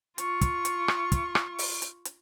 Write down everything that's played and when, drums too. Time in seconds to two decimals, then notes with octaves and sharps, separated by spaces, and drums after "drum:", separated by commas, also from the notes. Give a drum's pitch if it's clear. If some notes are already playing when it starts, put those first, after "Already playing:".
0.18 F4 C#6, drum: hi-hat
0.41 drum: kick, hi-hat
0.65 drum: hi-hat
0.88 drum: rim click
1.12 drum: kick, hi-hat
1.35 drum: rim click
1.59 drum: open hi-hat
1.82 drum: hi-hat
2.05 drum: hi-hat